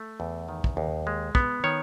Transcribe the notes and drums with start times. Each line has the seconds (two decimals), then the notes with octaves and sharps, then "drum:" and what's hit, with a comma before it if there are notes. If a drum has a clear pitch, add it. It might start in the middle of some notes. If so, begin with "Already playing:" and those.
Already playing: A3
0.20 E2
0.49 D#3
0.64 drum: kick
0.77 D#2
1.07 G#3
1.35 B3, drum: kick
1.64 D#3 C#5